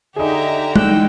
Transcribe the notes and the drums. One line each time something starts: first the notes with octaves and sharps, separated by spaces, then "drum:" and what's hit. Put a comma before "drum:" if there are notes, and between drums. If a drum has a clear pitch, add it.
D3 D#4 G4 G#4 E5 A#5
E3 G#3 D#4 G5 E6 F#6, drum: tom G3